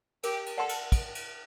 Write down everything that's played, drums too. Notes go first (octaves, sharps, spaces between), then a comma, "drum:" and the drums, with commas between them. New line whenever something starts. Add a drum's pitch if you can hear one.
G4 A#4, drum: cymbal
drum: cymbal
A4 D5 F#5 C6
drum: cymbal
drum: kick, cymbal
drum: cymbal